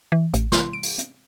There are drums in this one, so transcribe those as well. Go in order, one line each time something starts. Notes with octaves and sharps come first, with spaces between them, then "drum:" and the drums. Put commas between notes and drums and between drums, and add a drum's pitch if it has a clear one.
E3
A1, drum: hi-hat
C6, drum: snare
D7
drum: open hi-hat
drum: hi-hat